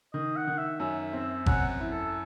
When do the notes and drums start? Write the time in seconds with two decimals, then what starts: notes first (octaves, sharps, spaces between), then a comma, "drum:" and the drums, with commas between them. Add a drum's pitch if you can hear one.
0.13 D#3 D#5
0.36 F#5
0.47 D#3
0.58 E5
0.80 F#2 E5
1.13 C4
1.46 F#2 F#5, drum: kick G#1
1.80 E4
1.91 A4